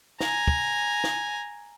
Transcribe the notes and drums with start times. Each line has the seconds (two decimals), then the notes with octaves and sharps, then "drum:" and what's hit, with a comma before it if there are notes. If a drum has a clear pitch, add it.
0.20 G#5 A#5, drum: snare
0.48 drum: kick
1.04 drum: snare